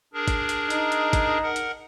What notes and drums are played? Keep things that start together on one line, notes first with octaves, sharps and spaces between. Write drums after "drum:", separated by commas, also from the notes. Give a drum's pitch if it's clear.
D4 G#4 A#4
drum: kick G#1, hi-hat
drum: hi-hat
D#4, drum: hi-hat
drum: hi-hat
drum: kick G#1, hi-hat
A#4 F#5
drum: hi-hat